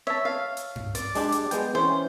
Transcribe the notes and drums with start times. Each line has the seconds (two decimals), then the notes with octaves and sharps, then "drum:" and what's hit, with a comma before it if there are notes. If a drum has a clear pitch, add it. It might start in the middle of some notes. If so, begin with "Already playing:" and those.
0.07 C#5 E5 A5
0.25 F5
0.57 drum: hi-hat
0.76 drum: tom G2
0.95 D5, drum: hi-hat
1.15 G#3 D4 G4, drum: open hi-hat
1.32 drum: hi-hat
1.51 G#3 B3 G5, drum: hi-hat
1.75 E3 C#4 C5